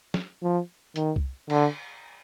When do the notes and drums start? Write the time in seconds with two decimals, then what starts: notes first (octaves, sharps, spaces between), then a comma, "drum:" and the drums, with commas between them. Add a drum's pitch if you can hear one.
0.14 drum: snare
0.43 F3
0.96 D#3, drum: hi-hat
1.16 drum: kick C2
1.50 D3, drum: cymbal